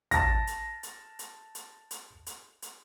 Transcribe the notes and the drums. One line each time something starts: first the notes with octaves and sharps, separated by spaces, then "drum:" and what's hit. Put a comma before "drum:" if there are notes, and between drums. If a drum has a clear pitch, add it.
A5 A#6, drum: kick, hi-hat
drum: hi-hat
drum: hi-hat
drum: hi-hat
drum: hi-hat
drum: hi-hat
drum: hi-hat
drum: hi-hat